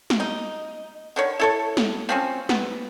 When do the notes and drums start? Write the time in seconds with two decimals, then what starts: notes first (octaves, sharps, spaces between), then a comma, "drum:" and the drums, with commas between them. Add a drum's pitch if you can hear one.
0.10 drum: snare
0.20 D#4
1.16 D3 D#3 C#5
1.39 E4 A4 C#5
1.77 drum: snare
2.09 F3 C4 C#4
2.49 B3, drum: snare